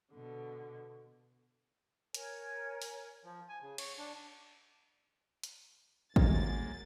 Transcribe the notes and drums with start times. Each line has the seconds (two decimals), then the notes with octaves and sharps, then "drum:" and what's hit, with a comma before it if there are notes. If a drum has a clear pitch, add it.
0.13 B2 D3
2.14 A#4 C#5 G#5, drum: hi-hat
2.82 drum: open hi-hat
3.24 F3
3.49 G#5
3.62 C#3
3.78 C#5, drum: cymbal
3.98 D4
5.44 drum: hi-hat
6.16 F#2 G#3 A#3 A6, drum: kick